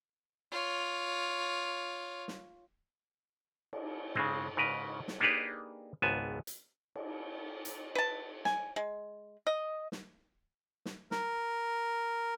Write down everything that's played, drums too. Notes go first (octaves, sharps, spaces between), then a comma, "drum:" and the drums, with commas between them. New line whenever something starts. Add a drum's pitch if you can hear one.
F4 C#5
drum: snare
drum: cymbal
C#3 G#3 C4, drum: tom G2
G#2 C#3 A#4 B4
drum: snare
A#3 D4 D#4 G4 G#4 B4
G#1 C#2 G#2 B3 G#5 A5
drum: hi-hat
drum: cymbal
drum: hi-hat
B4 A5
G#5, drum: snare
G#3
D#5
drum: snare
drum: snare
A#4, drum: snare